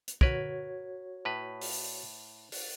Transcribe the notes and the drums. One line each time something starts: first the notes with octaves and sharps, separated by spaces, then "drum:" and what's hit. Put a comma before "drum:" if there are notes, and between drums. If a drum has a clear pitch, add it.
drum: hi-hat
F#4 A#4 B4 C#5 G#6, drum: kick
A2 B4
drum: open hi-hat
drum: open hi-hat